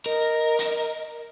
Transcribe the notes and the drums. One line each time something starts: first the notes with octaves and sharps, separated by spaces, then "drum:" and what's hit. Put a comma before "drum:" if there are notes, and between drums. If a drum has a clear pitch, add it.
A#4 D#5
drum: hi-hat